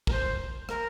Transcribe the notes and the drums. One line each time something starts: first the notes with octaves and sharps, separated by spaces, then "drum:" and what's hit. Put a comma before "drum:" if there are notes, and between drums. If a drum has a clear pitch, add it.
A#4, drum: kick
C5
A#4, drum: rim click